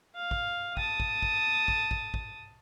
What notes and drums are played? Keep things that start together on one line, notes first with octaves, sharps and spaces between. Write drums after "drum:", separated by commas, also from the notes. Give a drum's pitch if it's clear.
F5
drum: kick
A5 D#6, drum: kick
drum: kick
drum: kick
drum: kick
drum: kick
drum: kick